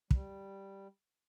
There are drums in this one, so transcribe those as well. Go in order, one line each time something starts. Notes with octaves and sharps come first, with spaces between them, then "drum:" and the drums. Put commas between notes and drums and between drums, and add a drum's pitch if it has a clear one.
G3, drum: kick